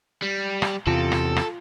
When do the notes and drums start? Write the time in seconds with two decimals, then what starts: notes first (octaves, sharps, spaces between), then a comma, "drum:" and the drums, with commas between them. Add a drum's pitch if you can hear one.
0.22 G3
0.62 drum: rim click
0.87 E2 C3 F4 A4
1.12 drum: rim click
1.36 drum: rim click